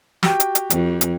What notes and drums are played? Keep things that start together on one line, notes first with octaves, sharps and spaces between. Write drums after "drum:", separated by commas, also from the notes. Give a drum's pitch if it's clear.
F#4 G4 G5, drum: snare
drum: hi-hat
drum: hi-hat
F2, drum: hi-hat
drum: hi-hat